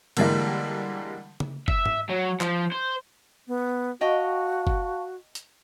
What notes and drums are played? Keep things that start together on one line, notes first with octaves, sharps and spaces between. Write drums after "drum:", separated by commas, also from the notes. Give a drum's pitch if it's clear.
D3 E3 G3 G#3 A#3, drum: cymbal
drum: tom C#3
E5, drum: kick F#1
drum: tom G#2
F#3
F3, drum: clap
C5
B3
F#4 D#5 F5 G5 A5 C#6
drum: kick F#1
drum: hi-hat